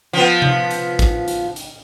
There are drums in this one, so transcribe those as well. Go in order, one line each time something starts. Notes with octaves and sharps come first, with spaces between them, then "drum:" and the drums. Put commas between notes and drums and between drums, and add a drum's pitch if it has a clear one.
F3 B3
drum: tom C3
drum: hi-hat
drum: kick, hi-hat
drum: hi-hat
drum: hi-hat